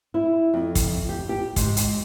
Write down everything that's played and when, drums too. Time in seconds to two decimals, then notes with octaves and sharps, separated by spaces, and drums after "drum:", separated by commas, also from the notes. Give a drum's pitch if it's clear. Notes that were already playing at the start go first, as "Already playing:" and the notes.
0.14 E4
0.54 F2
0.75 drum: kick, hi-hat
1.09 G4
1.29 G4
1.56 G#2, drum: kick, hi-hat
1.77 drum: hi-hat